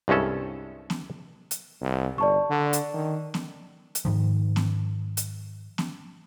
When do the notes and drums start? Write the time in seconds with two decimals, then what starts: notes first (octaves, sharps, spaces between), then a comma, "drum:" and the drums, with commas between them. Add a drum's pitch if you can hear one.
0.08 C2 G2 G#3 C#4 A4
0.90 drum: snare B3
1.51 drum: hi-hat
1.81 C2
2.18 G1 D5 A5 C#6
2.50 D3
2.73 drum: hi-hat
2.94 D#3
3.34 drum: snare B3
3.95 drum: hi-hat
4.05 G#2 D#3 F3
4.56 drum: snare B3
5.17 drum: hi-hat
5.78 drum: snare B3